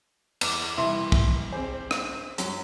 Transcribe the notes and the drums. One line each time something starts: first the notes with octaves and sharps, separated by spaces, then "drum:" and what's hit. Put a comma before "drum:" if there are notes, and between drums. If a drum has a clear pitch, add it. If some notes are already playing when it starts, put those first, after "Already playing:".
E2 B4 D6, drum: cymbal
C2 E3 E5 A#5 C6
drum: kick
C4 G#4 C5 G#5
drum: rim click
F#2 F#3, drum: hi-hat